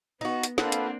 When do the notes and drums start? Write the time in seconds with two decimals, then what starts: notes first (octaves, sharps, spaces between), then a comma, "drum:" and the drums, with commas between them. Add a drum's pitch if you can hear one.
0.21 B3 D#4 F#4
0.43 drum: hi-hat
0.58 A#3 C4 D4 F4 A4 B4 F#5, drum: snare
0.72 drum: hi-hat